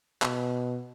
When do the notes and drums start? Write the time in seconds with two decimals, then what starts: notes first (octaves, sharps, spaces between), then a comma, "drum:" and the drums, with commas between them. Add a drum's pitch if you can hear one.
0.22 B2, drum: clap